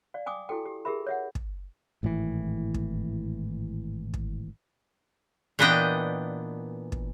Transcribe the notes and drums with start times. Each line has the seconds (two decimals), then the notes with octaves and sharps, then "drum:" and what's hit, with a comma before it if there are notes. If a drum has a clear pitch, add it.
0.14 D5 F5
0.26 G5 G#5 D6 D#6
0.49 E4 F#4 A4 G5
0.66 G4
0.85 G4 G#4 A#4 E5 B5
1.07 C#5 E5 F#5
1.35 drum: kick
2.03 G#1 A2 C3 E3
2.74 drum: kick
4.14 drum: kick
5.59 A#2 E3 B3 D4 D#5 G5
6.92 drum: kick